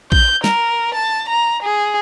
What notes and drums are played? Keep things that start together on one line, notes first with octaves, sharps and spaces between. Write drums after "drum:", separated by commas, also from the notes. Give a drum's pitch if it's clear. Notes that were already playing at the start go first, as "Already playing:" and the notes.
G6, drum: kick A#1
A#4, drum: snare
A5
A#5
G#4